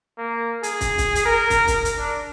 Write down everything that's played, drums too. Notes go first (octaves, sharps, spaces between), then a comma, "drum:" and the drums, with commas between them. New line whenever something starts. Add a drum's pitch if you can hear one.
A#3
G#4, drum: hi-hat
drum: kick, hi-hat
drum: kick, hi-hat
drum: hi-hat
A#4
drum: kick, hi-hat
drum: kick, hi-hat
drum: hi-hat
D4